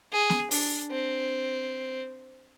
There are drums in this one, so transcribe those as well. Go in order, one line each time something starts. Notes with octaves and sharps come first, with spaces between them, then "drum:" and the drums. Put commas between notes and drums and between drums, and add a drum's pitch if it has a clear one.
G#4
drum: snare B3
D4, drum: open hi-hat
C4